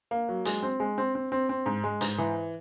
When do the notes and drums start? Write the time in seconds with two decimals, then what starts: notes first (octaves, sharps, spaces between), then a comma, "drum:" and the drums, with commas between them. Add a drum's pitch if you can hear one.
0.11 A#3
0.29 F#3
0.45 G#3, drum: hi-hat
0.63 C4
0.80 G#3
0.98 C4
1.15 C4
1.32 C4
1.49 C4
1.66 G#2
1.84 G#3
2.01 G#2, drum: hi-hat
2.18 E3